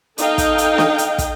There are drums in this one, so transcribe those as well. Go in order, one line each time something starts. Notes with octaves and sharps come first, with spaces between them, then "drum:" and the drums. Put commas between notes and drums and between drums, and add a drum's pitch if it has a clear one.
D#4 A4 D#5 F5 G5, drum: hi-hat
drum: kick, hi-hat
drum: hi-hat
drum: snare
drum: hi-hat
drum: kick, hi-hat